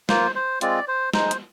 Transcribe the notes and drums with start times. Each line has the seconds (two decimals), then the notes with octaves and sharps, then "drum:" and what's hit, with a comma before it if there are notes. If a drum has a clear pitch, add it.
0.09 A#3 F4 C5, drum: snare
0.35 C5
0.61 G#3 C4 F4 D5, drum: hi-hat
0.88 C5
1.14 G#3 D#4 C5, drum: snare
1.31 drum: hi-hat